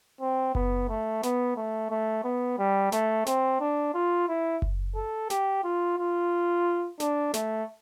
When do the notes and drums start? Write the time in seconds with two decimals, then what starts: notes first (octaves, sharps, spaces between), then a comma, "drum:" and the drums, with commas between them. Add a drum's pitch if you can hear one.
0.21 C4
0.55 B3, drum: kick F#1
0.89 A3
1.23 B3, drum: snare
1.57 A3
1.91 A3
2.24 B3
2.59 G3
2.92 A3, drum: snare
3.26 C4, drum: snare
3.60 D4
3.94 F4
4.28 E4
4.62 drum: kick F#1
4.96 A4
5.30 G4, drum: snare
5.64 F4
5.98 F4
7.00 D4, drum: snare
7.34 A3, drum: snare